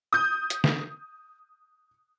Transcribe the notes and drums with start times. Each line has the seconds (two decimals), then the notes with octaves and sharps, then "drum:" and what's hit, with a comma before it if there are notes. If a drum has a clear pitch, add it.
0.13 D#6 G6
0.50 drum: hi-hat
0.64 drum: snare